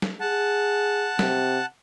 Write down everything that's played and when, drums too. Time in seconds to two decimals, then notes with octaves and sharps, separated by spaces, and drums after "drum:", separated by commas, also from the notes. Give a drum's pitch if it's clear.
0.02 drum: snare
0.20 G#4 F#5 A5
1.19 C3, drum: snare